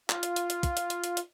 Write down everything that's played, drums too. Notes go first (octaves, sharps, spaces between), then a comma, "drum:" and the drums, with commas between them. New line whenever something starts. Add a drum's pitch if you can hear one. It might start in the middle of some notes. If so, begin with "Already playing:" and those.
F4, drum: clap
drum: hi-hat
drum: hi-hat
drum: hi-hat
drum: kick, hi-hat
drum: hi-hat
drum: hi-hat
drum: hi-hat
drum: hi-hat